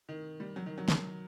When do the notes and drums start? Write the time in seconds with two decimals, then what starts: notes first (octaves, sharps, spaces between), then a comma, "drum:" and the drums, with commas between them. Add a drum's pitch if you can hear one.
0.09 D#3
0.40 G3
0.56 F#3
0.66 D#3
0.78 F#3
0.88 drum: snare